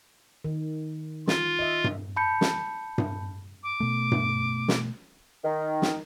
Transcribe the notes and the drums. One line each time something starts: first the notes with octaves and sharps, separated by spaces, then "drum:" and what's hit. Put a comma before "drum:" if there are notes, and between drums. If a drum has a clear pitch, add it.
D#3
F4, drum: snare
D#5 E5
drum: tom G2
A5 B5 G6 C#7
drum: snare
drum: tom G2
D6
B2 A3
drum: tom G2
drum: snare
D#3
drum: snare